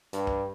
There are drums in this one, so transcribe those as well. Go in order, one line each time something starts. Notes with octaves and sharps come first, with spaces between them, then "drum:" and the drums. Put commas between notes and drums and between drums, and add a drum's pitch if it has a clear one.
G2, drum: hi-hat
drum: kick